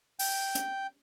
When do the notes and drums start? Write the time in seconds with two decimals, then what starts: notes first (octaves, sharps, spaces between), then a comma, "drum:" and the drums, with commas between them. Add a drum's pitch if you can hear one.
0.19 G5, drum: open hi-hat
0.55 drum: hi-hat